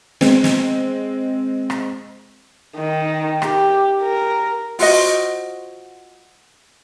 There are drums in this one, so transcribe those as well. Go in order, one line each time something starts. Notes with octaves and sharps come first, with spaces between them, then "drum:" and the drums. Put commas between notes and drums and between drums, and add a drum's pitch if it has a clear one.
G#3 C4, drum: snare
drum: snare
drum: rim click
D#3
G4, drum: rim click
A#4
F4 F#4 C5 D#5, drum: open hi-hat